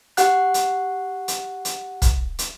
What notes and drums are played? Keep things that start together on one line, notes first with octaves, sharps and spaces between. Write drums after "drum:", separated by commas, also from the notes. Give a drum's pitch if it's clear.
G4 F#5 F#6, drum: hi-hat
drum: hi-hat
drum: hi-hat
drum: hi-hat
drum: kick, hi-hat
drum: hi-hat